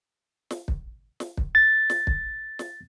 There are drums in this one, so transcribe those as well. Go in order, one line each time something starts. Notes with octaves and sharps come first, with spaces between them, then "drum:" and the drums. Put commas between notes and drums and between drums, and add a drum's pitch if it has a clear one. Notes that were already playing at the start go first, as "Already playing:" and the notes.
drum: snare
drum: kick
drum: snare
drum: kick
A6
drum: snare
drum: kick
drum: snare